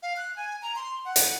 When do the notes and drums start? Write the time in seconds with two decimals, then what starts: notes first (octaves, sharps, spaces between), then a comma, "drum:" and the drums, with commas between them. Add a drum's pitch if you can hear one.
0.02 F5
0.16 F#6
0.36 G#5
0.62 A#5
0.76 C6
1.05 F#5
1.16 drum: hi-hat